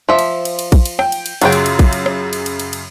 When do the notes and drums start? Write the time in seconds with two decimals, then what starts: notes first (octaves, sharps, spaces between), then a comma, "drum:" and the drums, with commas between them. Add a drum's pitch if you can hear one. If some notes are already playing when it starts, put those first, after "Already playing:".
0.09 F3 E5 C6
0.19 drum: cymbal
0.45 drum: cymbal
0.59 drum: cymbal
0.72 drum: kick A#1, cymbal
0.86 drum: cymbal
0.99 G5, drum: rim click
1.12 drum: cymbal
1.26 drum: cymbal
1.41 F#2 C#3 F#3 F4 G5, drum: cymbal
1.52 drum: cymbal
1.66 drum: cymbal
1.79 drum: kick A#1, cymbal
1.93 drum: cymbal
2.06 drum: rim click
2.33 drum: cymbal
2.46 drum: cymbal
2.59 drum: cymbal
2.73 drum: cymbal